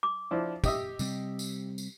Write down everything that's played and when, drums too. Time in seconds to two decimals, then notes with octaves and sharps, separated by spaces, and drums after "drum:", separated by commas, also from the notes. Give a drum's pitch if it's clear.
0.03 D6
0.31 F3 D4 E4
0.64 G4 D#5 E5, drum: kick, tambourine
0.99 C3 G3 C4, drum: tambourine
1.39 drum: tambourine
1.78 drum: tambourine